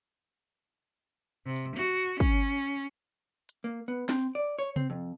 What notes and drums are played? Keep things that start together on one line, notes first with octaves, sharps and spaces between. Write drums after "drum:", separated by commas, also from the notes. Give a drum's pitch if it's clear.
C3
drum: tambourine
F#4, drum: hi-hat
C#4, drum: kick
drum: hi-hat
A#3
B3
C4, drum: snare
D5
C#5
C4, drum: tom C3
F2